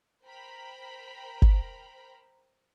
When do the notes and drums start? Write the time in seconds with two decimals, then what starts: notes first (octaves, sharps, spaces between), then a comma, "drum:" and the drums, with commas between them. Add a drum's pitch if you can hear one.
0.24 A#4 C5 G5 A#5 B5
1.42 drum: kick G1